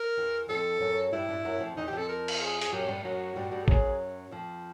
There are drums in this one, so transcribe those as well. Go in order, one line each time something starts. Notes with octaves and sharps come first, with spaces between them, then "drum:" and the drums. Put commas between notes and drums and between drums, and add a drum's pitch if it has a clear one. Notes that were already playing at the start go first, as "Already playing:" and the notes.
Already playing: A#4
E2 E3
F2 F3 A4
F#2 F#3
G2 G3 E4
G2 G3
F#2 F#3
F2 F3
E2 E3 D#4
G4
F2 F3 A4
A#4
drum: cymbal
G#4
G#4, drum: hi-hat
F#2 F#3 G4
G2 G3
F#2 F#3 F#4
G2 G3
G2 G3
A4
F#2 F#3 G#4, drum: kick
F2 F3